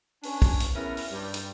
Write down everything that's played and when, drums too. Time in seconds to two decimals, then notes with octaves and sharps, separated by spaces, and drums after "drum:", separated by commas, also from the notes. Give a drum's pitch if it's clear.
0.23 C#4 D4 B4 G#5, drum: open hi-hat
0.42 drum: kick, open hi-hat
0.60 drum: hi-hat
0.74 B3 C#4 E4 G#4 A#4 B4
0.97 drum: open hi-hat
1.11 G2 G3
1.34 drum: hi-hat